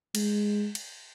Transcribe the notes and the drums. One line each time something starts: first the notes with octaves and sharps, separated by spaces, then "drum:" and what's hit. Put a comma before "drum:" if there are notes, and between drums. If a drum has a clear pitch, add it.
G#3, drum: cymbal
drum: cymbal